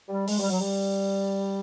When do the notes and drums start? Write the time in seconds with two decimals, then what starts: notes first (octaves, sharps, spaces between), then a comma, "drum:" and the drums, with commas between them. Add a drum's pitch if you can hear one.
0.09 G3
0.28 G#3, drum: open hi-hat
0.39 G3
0.49 F#3
0.60 G3